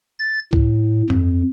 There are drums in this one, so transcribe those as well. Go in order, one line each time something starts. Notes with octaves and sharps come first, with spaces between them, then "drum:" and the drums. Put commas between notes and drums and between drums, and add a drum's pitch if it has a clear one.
A6
A2, drum: kick C#2
F2, drum: tom G2